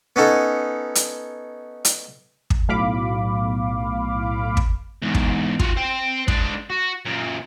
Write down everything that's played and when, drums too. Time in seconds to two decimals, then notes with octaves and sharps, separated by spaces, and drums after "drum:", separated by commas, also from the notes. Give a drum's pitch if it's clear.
0.16 B3 C#4 D#4 A4
0.95 drum: hi-hat
1.85 drum: hi-hat
2.50 drum: kick
2.68 B1 A2 F5 B5 D6
4.57 drum: kick
5.02 E2 G#2
5.15 drum: kick
5.59 F4 F#4, drum: kick
5.77 C5 G5
6.28 G#3 D4, drum: kick
6.70 F#4
7.05 F#2 A#2